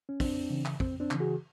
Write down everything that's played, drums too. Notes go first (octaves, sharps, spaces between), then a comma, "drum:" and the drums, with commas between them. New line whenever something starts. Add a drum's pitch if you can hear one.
C#4
F2 C4 D4, drum: kick, open hi-hat
C#3 E3
drum: clap
F2 C4, drum: kick
C4 D4
C#3 E3, drum: clap
F#4 G#4